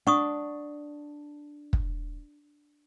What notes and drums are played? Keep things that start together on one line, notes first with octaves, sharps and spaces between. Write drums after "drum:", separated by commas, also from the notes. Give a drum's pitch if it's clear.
D4 F#5 C#6 D#6
drum: kick